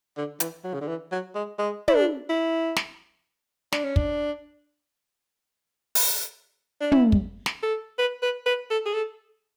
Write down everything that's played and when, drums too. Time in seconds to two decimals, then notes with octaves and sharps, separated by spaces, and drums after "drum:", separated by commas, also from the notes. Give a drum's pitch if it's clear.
0.17 D3
0.40 E3, drum: hi-hat
0.64 F#3
0.73 C#3
0.81 D3
0.88 E3
1.12 F#3
1.35 G#3
1.59 G#3
1.88 E4, drum: tom
1.94 D4
2.30 E4
2.76 drum: snare
3.72 D4, drum: snare
3.84 C#4
3.96 D4, drum: kick
5.95 drum: open hi-hat
6.81 D4
6.92 E4, drum: tom
7.12 drum: kick
7.46 drum: snare
7.63 A4
7.98 B4
8.22 B4
8.46 B4
8.70 A4
8.86 G#4
8.94 A4